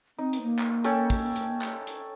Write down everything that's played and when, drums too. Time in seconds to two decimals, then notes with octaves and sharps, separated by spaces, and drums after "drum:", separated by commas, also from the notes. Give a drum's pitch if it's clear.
0.19 C4 D#4
0.33 drum: hi-hat
0.43 A#3
0.59 drum: clap
0.84 C#4 A4 G5, drum: hi-hat
1.10 drum: kick, open hi-hat
1.36 drum: hi-hat
1.61 drum: clap
1.87 drum: hi-hat